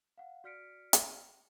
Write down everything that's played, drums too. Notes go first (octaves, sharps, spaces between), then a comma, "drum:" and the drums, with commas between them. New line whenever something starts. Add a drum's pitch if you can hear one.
F5 F#5
F#4 D5 F6 B6 C#7 D7
drum: hi-hat